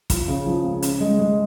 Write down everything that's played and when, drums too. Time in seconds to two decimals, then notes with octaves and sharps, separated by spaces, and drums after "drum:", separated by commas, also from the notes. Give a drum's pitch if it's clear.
0.10 F3, drum: kick, hi-hat
0.28 C#3
0.46 F3
0.64 C#2
0.82 C#4, drum: hi-hat
1.00 G#3
1.19 G#3